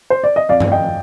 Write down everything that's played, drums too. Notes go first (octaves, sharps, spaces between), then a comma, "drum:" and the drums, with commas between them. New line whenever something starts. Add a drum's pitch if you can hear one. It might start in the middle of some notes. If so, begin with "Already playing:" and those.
C5
D5
D#5
F2 D5 F5
drum: tom G2
D#5 G5